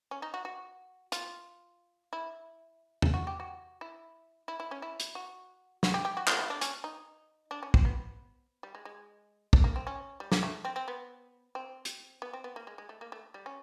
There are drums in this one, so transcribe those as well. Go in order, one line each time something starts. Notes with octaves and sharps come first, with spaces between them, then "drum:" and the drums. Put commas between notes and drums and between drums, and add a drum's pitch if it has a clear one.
C#4
D#4
F#4
F#4
F4, drum: hi-hat
E4
drum: tom E2
F#4
G4
F#4
E4
E4
E4
C#4
E4
drum: hi-hat
F#4
F#4, drum: snare
G4
G4
F#4
F4, drum: clap
E4
D4
C#4, drum: hi-hat
D#4
D4
C#4
C4, drum: kick
B3
G3
G#3
G#3
A3, drum: kick
A#3
C4
C#4
G3
A#3, drum: snare
A3
C4
C4
B3
C4
drum: hi-hat
B3
C4
B3
A#3
G#3
G#3
A3
A#3
A3
G3
C#4